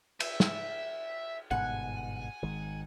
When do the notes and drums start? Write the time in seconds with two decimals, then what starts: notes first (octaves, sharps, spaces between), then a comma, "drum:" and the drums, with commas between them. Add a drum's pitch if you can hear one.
0.20 E5, drum: cymbal
0.40 drum: snare
1.51 G1 G#2 B2 F#5 G#5
2.43 G#1 D#3 G#3